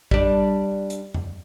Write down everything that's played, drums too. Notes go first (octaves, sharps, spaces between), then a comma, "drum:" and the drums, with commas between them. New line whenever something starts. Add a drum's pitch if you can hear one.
G3 D4, drum: kick A1
drum: hi-hat
drum: tom E2